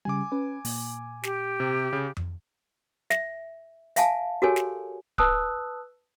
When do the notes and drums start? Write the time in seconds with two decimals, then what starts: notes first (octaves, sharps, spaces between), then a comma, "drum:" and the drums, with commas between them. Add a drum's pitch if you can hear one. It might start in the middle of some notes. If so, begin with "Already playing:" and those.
0.05 C#3 G3 G#5 D6
0.32 C#4 B4
0.65 A#2, drum: open hi-hat
1.23 G4, drum: snare
1.60 C3
1.93 C#3
2.17 drum: tom F2
3.10 E5, drum: snare
3.96 E5 F5 G#5 A5, drum: hi-hat
4.42 F#4 G4 A4 A#4 C#5 G#5
4.56 drum: snare
5.18 B4 A5 D#6 E6 F#6, drum: kick D1